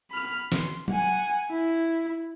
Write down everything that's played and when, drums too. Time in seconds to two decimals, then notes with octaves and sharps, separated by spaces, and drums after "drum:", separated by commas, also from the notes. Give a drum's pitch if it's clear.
0.11 B5 F6
0.52 C6, drum: snare
0.88 F#5 G#5, drum: tom F#3
1.50 E4